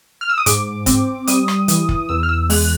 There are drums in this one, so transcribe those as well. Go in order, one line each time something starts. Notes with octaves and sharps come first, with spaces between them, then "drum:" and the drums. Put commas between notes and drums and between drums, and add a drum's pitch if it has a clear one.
F6
E6
D#6
G#2 D6, drum: hi-hat
C4, drum: kick, hi-hat
G3 D#6, drum: hi-hat
drum: rim click
E3, drum: hi-hat
drum: kick
E2 E6
F6
E6
G#3 F#6, drum: open hi-hat